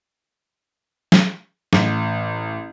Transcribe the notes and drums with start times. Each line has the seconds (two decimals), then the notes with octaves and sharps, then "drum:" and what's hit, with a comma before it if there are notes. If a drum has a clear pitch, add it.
1.12 drum: snare
1.73 A1, drum: snare